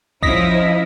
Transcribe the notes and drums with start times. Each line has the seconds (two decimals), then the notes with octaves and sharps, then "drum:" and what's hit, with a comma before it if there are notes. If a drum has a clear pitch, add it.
0.23 F3 C#4 E4 D#5 A#6 B6, drum: kick